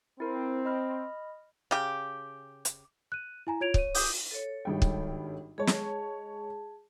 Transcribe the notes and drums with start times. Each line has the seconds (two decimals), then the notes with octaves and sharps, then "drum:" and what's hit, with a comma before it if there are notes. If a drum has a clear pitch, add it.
0.20 C4 E4 A#4
0.65 D#5 B5 F6
1.71 C#3 G4
2.65 drum: hi-hat
3.12 F#6 D#7
3.47 E4 G#5 A#5
3.61 F4 C#5 G#6 D7 F7
3.74 C#5 D#7, drum: kick
3.94 D6 D#6 G6, drum: open hi-hat
4.31 A4 C#5
4.65 G#1 G2 G5
4.82 drum: kick
5.58 G#3 G#4 C#5 A5
5.67 drum: snare